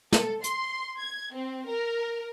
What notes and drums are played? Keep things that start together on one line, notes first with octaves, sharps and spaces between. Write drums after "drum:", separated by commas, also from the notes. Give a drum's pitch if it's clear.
A4, drum: snare
C6, drum: hi-hat
G#6
C4
A#4